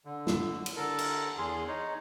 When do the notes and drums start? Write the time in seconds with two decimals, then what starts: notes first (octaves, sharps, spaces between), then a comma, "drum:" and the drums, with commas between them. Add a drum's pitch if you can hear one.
0.05 D3
0.27 drum: snare
0.66 drum: cymbal
0.76 D3 A4 A#4
0.99 drum: cymbal
1.38 E2 G#4 C6
1.68 D#4 C#5